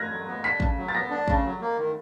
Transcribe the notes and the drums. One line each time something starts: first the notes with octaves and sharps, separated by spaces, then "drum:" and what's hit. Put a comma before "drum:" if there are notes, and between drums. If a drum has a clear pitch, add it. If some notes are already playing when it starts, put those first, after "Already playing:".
Already playing: F6 F#6 G#6 A#6
F#3
B3
D4 B6
C#3, drum: kick
F#3
A6
B3 A#6
D4
C#3, drum: kick
F#3
A#3
D#3